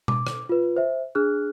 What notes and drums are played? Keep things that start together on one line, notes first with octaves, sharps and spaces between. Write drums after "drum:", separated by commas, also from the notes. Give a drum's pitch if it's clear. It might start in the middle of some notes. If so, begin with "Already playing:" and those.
D6, drum: tom B2
drum: rim click
F4 B4
C5 E5
D4 G#4 F6 F#6